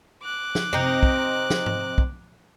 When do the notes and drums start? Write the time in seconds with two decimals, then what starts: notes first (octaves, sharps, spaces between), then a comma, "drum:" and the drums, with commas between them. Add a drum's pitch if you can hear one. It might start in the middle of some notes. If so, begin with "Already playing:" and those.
0.23 D6 F#6
0.55 drum: snare
0.73 C3 C4 D#4, drum: tom F#2
1.03 drum: kick
1.50 drum: snare
1.66 drum: tom G#2
1.98 drum: kick